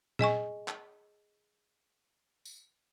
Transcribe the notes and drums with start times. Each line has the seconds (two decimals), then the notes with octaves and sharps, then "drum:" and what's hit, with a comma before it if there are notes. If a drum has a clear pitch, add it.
0.19 G#4 D#5 G#5 C#6, drum: tom A#2
0.68 drum: clap
2.45 drum: tambourine